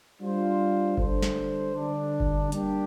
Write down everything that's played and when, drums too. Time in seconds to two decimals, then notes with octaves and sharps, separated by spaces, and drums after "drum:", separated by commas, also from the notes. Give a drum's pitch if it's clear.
0.20 G3 D4 F4 C5
0.98 D3 G3 D4 A4 C5, drum: kick G1
1.23 drum: snare
1.75 D3 G3 D4
2.20 drum: kick G1
2.52 G3 A#3 D4 G4, drum: hi-hat